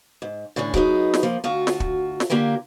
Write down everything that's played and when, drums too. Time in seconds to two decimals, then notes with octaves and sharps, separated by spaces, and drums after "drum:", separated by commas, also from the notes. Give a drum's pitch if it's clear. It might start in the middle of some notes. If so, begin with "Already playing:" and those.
0.22 G#2
0.56 A2 D3 E3 C#4 D4
0.74 F#3 G#3 B3 C#4 D#4, drum: kick
1.14 drum: snare
1.23 F3 A#3
1.44 D2 F4 F#4
1.67 drum: snare
1.80 drum: kick
2.20 drum: snare
2.30 D3 A#3 F4 G4 A#4